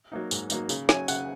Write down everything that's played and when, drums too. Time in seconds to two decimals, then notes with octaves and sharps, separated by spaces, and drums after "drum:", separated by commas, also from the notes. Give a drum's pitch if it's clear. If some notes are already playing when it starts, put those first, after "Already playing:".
0.12 F#3 A#3 D#4
0.31 G#2, drum: tambourine
0.50 F#3 A#3 D#4, drum: tambourine
0.69 C#3, drum: tambourine
0.89 F#3 C#4 G#5, drum: snare
1.08 C#3 F#5, drum: tambourine